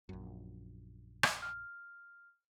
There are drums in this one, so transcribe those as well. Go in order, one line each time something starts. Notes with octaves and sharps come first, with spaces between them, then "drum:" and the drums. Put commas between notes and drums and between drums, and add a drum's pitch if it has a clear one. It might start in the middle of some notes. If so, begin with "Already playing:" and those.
A#1 F#2
drum: rim click
F6